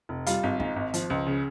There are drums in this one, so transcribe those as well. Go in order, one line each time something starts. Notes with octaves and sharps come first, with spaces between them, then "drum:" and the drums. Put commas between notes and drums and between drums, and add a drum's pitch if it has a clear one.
F1
G3 F4, drum: hi-hat
G#1
G#2, drum: kick
G#1
F3, drum: hi-hat
C#2
C#3